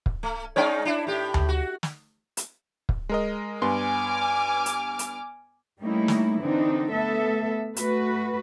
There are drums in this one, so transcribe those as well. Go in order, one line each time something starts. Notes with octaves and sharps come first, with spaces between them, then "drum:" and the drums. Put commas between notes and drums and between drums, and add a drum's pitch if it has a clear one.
drum: kick
A3
G#3 C#4 D#4 C#5 D5 G5
D4 E4
A2 G4
drum: tom D2
F#4
drum: snare
drum: hi-hat
drum: kick
G#3 A#4 D#5
G2 B3 G#5 C6 D6 F6
drum: hi-hat
drum: hi-hat
G3 A3 A#3 C#4 D#4 E4
drum: snare
D3 E3 C4 D4 D#4
A3 B3 A4 E5
A3 F#4 B4, drum: hi-hat